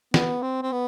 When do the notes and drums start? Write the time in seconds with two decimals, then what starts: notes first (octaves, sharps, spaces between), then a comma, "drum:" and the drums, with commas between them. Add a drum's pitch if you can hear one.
0.14 B3, drum: snare
0.42 C4
0.62 C4
0.72 B3